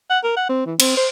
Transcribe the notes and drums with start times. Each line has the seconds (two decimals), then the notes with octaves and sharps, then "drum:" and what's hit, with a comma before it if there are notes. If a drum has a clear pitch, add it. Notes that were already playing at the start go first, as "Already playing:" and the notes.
0.10 F#5
0.24 A#4
0.37 F#5
0.49 C4
0.66 E3
0.80 C4, drum: cymbal
0.97 C5